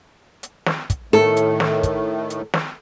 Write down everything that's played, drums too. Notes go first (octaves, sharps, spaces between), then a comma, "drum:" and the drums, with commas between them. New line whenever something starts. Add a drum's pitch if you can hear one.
drum: hi-hat
drum: snare
drum: kick, hi-hat
A2 D#3 A3 A4
drum: hi-hat
drum: snare
drum: kick, hi-hat
drum: hi-hat
drum: snare